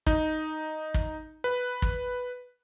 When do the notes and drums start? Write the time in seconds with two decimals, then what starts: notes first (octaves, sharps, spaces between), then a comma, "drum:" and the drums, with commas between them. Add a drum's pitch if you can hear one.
0.07 D#4, drum: kick
0.94 drum: kick
1.44 B4
1.82 drum: kick